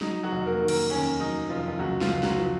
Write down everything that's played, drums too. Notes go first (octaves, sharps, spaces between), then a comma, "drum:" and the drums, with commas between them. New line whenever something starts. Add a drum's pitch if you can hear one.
F#3 D#4, drum: snare
F#3 F#4
F1
A#3 A#4
D#3
A#3 A#4, drum: cymbal
D#2 C#4
F#3 D#4
F1 F3 F4
F4
C#2 F#3 F#4
F3 F4, drum: snare
C#2
F#3 F#4, drum: snare
F3